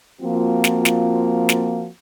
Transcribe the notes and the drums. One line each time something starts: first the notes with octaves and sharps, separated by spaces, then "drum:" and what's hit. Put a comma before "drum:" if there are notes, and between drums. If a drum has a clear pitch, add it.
F3 A#3 C4 F4 F#4
drum: snare
drum: snare
drum: snare